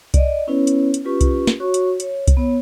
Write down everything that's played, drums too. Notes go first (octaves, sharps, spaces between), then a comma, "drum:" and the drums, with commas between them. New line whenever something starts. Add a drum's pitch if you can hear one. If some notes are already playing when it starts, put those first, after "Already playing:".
D5 D#5, drum: kick C2, hi-hat
B3 C#4 E4 B4 C#5
drum: hi-hat
drum: hi-hat
C#4 F4 G4 B4 C#6
drum: kick C2, hi-hat
drum: snare
F#4 C#5 C#6
drum: hi-hat
C#5, drum: hi-hat
drum: kick C2, hi-hat
B3 C#5